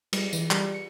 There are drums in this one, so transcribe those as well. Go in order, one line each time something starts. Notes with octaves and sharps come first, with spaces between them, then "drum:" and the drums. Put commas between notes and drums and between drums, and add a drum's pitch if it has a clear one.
G3, drum: cymbal
E3, drum: tambourine
G3, drum: clap
C#7